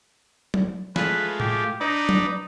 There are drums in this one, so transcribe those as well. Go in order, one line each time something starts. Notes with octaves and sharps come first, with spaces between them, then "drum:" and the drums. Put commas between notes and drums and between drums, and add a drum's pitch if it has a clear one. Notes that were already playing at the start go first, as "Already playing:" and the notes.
drum: tom F#3
G#3 A3 F4 B4, drum: snare
G4, drum: tom A2
D4 D#4 B4 D5
drum: tom F#3